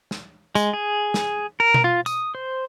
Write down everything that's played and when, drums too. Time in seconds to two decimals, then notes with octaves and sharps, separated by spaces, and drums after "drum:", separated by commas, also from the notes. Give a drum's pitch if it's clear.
0.11 drum: snare
0.55 G#3, drum: tambourine
0.73 G#4
1.14 drum: snare
1.60 A#4
1.74 drum: tom B2
1.84 F4
2.06 D#6, drum: tambourine
2.35 C5